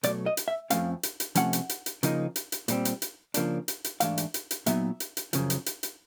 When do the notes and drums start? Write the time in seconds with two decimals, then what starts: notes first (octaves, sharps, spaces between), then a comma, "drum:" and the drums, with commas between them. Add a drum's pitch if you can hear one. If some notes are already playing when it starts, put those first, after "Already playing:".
0.03 B2 F#3 A3 D5, drum: hi-hat
0.26 D#5
0.37 drum: hi-hat
0.48 E5
0.70 F2 C#3 F3 A3 C#4 F5, drum: hi-hat
1.03 drum: hi-hat
1.20 drum: hi-hat
1.35 C3 F3 A3 C#4 F#5, drum: hi-hat
1.53 drum: hi-hat
1.69 drum: hi-hat
1.86 drum: hi-hat
2.03 C#3 F3 A#3 D#4, drum: hi-hat
2.36 drum: hi-hat
2.52 drum: hi-hat
2.68 A#2 G3 C4, drum: hi-hat
2.85 drum: hi-hat
3.02 drum: hi-hat
3.34 C#3 F3 A#3 D4, drum: hi-hat
3.68 drum: hi-hat
3.84 drum: hi-hat
4.00 G#2 E3 A3 D4 F5, drum: hi-hat
4.18 drum: hi-hat
4.34 drum: hi-hat
4.51 drum: hi-hat
4.66 A#2 F#3 B3 D#4 E5, drum: hi-hat
5.00 drum: hi-hat
5.17 drum: hi-hat
5.33 F#2 C#3 F3, drum: hi-hat
5.50 drum: hi-hat
5.66 drum: hi-hat
5.83 drum: hi-hat